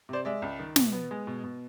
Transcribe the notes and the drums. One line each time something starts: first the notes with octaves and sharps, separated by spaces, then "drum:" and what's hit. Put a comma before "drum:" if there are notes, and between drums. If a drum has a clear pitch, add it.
C3 C5 D5
G#3 D5 E5
C#2
D#3
B2, drum: snare
B3
G#3
B2
B2